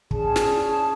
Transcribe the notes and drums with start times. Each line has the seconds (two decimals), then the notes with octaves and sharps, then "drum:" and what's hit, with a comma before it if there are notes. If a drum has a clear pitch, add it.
0.11 C#4 G#4 D5 A5, drum: kick
0.36 drum: snare